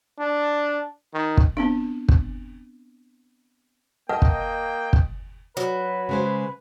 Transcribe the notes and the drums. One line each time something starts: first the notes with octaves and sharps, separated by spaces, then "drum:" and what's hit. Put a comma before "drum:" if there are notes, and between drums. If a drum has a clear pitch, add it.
D4
D#3
drum: kick
B3 C4 D4
drum: kick
A#3 B4 D#5 F#5 G5 A5
drum: kick
drum: kick
F#3 B4
C#3 G#3 C5